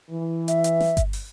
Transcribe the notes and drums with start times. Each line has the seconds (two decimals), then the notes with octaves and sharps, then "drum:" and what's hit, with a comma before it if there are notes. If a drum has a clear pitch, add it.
0.10 E3
0.48 E5, drum: hi-hat
0.64 drum: hi-hat
0.80 drum: snare
0.97 drum: kick G1, hi-hat
1.13 drum: open hi-hat